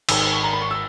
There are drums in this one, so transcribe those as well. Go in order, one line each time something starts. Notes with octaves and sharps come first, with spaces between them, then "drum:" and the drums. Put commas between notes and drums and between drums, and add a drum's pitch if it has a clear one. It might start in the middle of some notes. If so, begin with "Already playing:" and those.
G#1 G#2 D#3 E6, drum: cymbal
E6
C#6
A#5
B5
C#6
E6